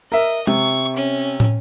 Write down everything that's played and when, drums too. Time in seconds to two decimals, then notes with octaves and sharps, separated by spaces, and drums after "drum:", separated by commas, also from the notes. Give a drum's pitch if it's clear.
0.12 A#4 D#5 E5
0.47 C3 C#6, drum: tom G#3
0.96 C#4
1.40 drum: tom